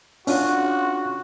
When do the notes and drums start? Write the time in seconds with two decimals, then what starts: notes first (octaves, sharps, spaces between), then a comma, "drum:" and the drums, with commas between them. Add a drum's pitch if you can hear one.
0.27 C#4 D4 F4 F#4, drum: open hi-hat